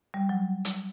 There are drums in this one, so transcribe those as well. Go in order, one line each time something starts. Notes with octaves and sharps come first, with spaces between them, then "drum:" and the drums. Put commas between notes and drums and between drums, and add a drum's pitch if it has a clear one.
G3
F#3
drum: hi-hat